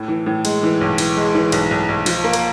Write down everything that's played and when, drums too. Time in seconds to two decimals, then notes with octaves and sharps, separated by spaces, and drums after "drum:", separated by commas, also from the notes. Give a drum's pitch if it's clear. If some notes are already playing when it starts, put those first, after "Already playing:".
Already playing: A2
0.08 E3
0.26 A2
0.45 G#3, drum: cymbal
0.63 E3
0.81 B1
0.98 E3, drum: cymbal
1.17 G#3
1.35 E3
1.52 B1, drum: cymbal
1.71 B1
1.89 B1
2.06 F3, drum: cymbal
2.24 A#3
2.33 drum: cymbal